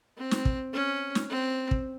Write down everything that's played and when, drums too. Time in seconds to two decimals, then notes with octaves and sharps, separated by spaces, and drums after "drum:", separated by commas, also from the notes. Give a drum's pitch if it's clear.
0.18 C4
0.31 drum: snare
0.45 drum: kick
0.73 C#4
1.15 drum: snare
1.30 C4
1.71 drum: kick